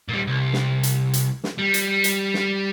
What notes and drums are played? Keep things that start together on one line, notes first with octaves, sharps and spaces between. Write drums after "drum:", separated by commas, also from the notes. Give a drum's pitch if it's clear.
A#2 G3
C2
drum: snare
drum: hi-hat
drum: hi-hat
drum: snare
G3
drum: hi-hat
drum: hi-hat
drum: snare